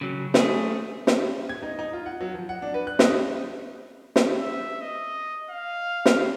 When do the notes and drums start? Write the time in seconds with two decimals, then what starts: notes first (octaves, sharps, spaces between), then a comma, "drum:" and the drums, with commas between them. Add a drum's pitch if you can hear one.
0.01 C#3 F#3
0.34 A3 G#4, drum: snare
1.07 drum: snare
1.49 G#6
1.63 D#4
1.79 D#4
1.93 F4
2.06 F#5
2.21 F#3
2.34 F3
2.49 F#5
2.62 D4
2.74 B4
2.87 F#6
2.99 D#5, drum: snare
4.16 drum: snare
4.39 E5
4.81 D#5
5.51 F5
6.06 drum: snare